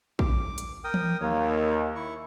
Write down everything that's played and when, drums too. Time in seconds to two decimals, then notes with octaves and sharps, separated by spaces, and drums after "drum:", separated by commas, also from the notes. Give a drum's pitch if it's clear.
0.19 D6, drum: kick
0.58 drum: hi-hat
0.84 A#4 G5 D#6
0.94 drum: tom E3
1.21 D#2 A#3 C#5
1.95 E4 C#6